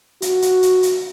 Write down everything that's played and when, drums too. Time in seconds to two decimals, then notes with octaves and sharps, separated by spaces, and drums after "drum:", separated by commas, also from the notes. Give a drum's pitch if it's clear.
0.22 F#4, drum: hi-hat
0.42 drum: hi-hat
0.62 drum: hi-hat
0.83 drum: hi-hat